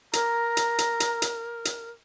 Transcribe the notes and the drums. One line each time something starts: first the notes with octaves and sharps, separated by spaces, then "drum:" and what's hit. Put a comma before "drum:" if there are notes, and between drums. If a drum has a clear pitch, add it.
A#4 A#5, drum: hi-hat
drum: hi-hat
drum: hi-hat
drum: hi-hat
drum: hi-hat
drum: hi-hat